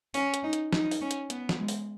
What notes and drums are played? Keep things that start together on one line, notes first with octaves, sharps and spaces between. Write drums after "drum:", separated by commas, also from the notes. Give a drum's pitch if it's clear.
C#4, drum: open hi-hat
drum: hi-hat
D#4
drum: hi-hat
D#4, drum: snare
drum: open hi-hat
C#4
drum: hi-hat
B3, drum: hi-hat
drum: snare
G#3
drum: open hi-hat